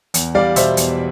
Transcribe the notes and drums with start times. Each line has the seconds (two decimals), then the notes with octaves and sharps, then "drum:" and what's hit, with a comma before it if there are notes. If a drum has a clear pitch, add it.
0.14 E2, drum: hi-hat
0.35 G3 D5 F5
0.56 B2 C5 E5, drum: hi-hat
0.77 E2, drum: hi-hat